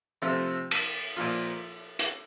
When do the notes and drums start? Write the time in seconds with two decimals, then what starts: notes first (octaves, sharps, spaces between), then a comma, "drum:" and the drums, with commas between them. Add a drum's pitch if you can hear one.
0.22 C3 F3 A3 C4
0.71 drum: cymbal
1.17 A#2 F3 A#3 F4
1.99 drum: hi-hat